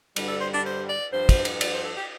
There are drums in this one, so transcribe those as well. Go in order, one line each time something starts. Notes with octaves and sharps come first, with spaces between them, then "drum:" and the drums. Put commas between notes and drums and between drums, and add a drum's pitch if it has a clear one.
G2 D3 G3, drum: cymbal
A4
C5
D4
C5
D5
G2 F3 C5
drum: kick, cymbal
drum: cymbal
D5, drum: cymbal
C5
A4
G4